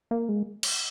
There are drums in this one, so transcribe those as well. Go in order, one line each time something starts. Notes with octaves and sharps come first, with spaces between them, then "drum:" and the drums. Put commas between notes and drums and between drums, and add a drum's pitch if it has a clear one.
A#3
G#3
drum: cymbal